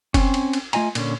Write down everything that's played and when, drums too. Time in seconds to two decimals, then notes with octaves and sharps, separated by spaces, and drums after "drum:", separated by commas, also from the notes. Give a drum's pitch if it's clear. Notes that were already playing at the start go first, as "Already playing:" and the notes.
0.14 C4 C#4, drum: kick F#1, cymbal
0.34 drum: cymbal
0.53 drum: cymbal
0.73 A3 F4 D#5 G#5 A#5, drum: cymbal
0.95 A#2 D3 C#4, drum: cymbal